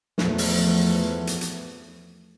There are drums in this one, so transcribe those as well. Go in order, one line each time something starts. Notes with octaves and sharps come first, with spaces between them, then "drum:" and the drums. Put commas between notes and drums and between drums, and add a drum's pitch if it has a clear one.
E2 F3 A3 B3, drum: snare
drum: open hi-hat
drum: hi-hat
drum: hi-hat